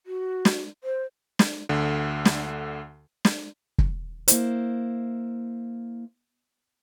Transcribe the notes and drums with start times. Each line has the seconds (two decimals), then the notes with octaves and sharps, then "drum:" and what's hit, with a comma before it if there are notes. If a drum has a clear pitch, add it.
0.06 F#4
0.45 drum: snare
0.84 C5
1.39 drum: snare
1.69 D2 D3
2.25 drum: snare
3.25 drum: snare
3.78 drum: kick
4.28 A#3 E4 C5, drum: hi-hat